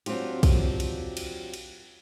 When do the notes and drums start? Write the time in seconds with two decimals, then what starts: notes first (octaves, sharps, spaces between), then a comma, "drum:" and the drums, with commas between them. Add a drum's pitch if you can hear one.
0.06 F#3 C4 D4 F4 G4, drum: cymbal
0.43 drum: kick, cymbal
0.80 drum: cymbal
1.17 drum: cymbal
1.54 drum: cymbal